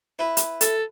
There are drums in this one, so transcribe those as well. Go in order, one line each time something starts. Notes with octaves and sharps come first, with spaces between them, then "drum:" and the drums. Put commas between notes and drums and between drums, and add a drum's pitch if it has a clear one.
E4 B4
drum: hi-hat
A4, drum: hi-hat